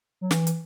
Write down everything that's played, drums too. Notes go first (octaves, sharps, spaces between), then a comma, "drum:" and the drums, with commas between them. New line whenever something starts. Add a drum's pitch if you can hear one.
F#3
E3, drum: snare
drum: hi-hat